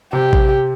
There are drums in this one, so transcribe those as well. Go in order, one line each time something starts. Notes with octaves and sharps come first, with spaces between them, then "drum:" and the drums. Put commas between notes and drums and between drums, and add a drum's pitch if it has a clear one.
C3 G4
drum: kick A1